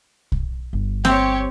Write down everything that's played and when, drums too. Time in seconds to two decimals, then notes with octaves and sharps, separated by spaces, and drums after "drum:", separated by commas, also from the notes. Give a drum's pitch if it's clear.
0.32 drum: kick B1
0.73 G1
1.05 C4 G4 C#5, drum: snare A#3